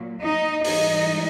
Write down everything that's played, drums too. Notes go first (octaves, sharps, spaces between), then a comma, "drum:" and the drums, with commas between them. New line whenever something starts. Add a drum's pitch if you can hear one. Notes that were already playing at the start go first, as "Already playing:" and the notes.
Already playing: A#2 F#3
D#4 D#5
G#2 E3 G3 D#4 D#5, drum: open hi-hat